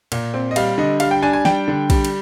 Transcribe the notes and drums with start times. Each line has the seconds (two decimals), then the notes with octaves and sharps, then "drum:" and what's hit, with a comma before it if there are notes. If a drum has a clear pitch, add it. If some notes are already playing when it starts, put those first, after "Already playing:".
0.12 A#2, drum: cymbal
0.34 C4
0.51 D#5
0.56 G3 F5, drum: cymbal
0.78 D3 D#5
1.00 G3 F5, drum: cymbal
1.11 G5
1.22 D4 G#5
1.33 G#5
1.45 G3 G5, drum: snare
1.68 D3
1.90 G3, drum: kick, cymbal
2.05 drum: cymbal